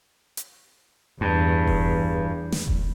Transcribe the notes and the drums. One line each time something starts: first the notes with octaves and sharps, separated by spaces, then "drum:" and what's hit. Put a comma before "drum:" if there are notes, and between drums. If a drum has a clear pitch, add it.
drum: hi-hat
E2 G2
drum: kick E1
drum: snare
drum: kick E1